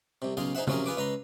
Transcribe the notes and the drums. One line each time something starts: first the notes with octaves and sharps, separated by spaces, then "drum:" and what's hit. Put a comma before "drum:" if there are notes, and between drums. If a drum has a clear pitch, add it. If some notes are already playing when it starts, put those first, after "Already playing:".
C2 C3
B1 C#3 G#4 F5 C6
D#4 G#4 C5 E5 F#5
C3 F3 F#3 C#4 G#4 A#4, drum: tom C#3
F4 G#4 B4 D6
C#2 B4 A#5 C6